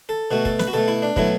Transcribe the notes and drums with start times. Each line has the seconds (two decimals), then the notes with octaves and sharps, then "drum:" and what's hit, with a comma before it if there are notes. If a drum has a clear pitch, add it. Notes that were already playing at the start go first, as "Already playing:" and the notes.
0.09 A4
0.31 B2 A3 F#4
0.45 A4, drum: kick
0.59 B4, drum: snare
0.67 F#4
0.73 B2 A3 A4
0.88 E4
1.02 D4
1.16 B2 F#3 A3 E4, drum: kick